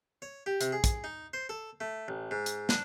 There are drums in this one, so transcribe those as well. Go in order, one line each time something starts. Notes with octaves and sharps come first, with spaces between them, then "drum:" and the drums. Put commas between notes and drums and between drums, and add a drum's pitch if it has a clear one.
C#5
G4
C3, drum: hi-hat
G#4
drum: kick, hi-hat
D#4
C5
A4
A3
A1
G#2
drum: hi-hat
D4, drum: snare